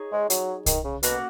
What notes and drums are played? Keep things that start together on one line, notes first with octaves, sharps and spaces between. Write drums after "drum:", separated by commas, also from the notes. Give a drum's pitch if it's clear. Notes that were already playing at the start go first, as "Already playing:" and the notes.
Already playing: D#4 G#4 C#5
G#3
F#3, drum: hi-hat
D#3, drum: kick, hi-hat
C#3
B2 A#3 C#4 F#4, drum: hi-hat